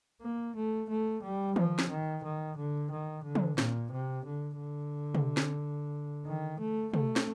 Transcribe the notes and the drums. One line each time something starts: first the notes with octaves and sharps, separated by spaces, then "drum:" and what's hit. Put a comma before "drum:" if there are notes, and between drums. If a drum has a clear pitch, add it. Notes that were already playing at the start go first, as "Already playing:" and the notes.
A#3
A3
A3
G3
F3, drum: tom
drum: snare
D#3
D#3
D3
D#3
D3
drum: tom
A#2, drum: snare
C3
D3
D3
drum: tom
drum: snare
D#3
A3
A3, drum: tom
drum: snare